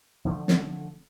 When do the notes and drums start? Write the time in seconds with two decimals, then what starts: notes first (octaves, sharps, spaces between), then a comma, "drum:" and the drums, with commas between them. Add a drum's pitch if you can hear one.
0.25 D3 F3 A3
0.48 drum: snare